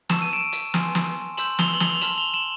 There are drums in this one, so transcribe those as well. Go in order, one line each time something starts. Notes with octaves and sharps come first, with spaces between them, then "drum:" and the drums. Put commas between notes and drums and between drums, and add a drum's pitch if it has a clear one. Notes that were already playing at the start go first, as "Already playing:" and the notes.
A5 C#6 E6 E7, drum: snare
D#7
D7 E7
drum: hi-hat
G#5 C6 F6, drum: snare
drum: snare
C6 E6 G6 E7 F#7, drum: hi-hat
F7 G7, drum: snare
F#7
F7 G7, drum: snare
F7
A5 C6 F6 E7 F#7, drum: hi-hat
F7 G7
E7 F#7